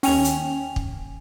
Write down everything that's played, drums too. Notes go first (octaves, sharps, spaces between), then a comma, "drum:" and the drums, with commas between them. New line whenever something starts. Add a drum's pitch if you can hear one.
D#2 C#4 G5 G#5 F7, drum: open hi-hat
drum: hi-hat
drum: kick